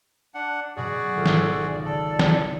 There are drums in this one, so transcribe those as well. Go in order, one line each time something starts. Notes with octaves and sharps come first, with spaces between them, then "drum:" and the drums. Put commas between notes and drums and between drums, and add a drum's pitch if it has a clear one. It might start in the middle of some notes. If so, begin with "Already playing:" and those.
D4 F#5
F#2 B2 F#4 G#4 D5
G#1 F4 A4 D#6
drum: snare
C#2 D5 D7
A4
drum: snare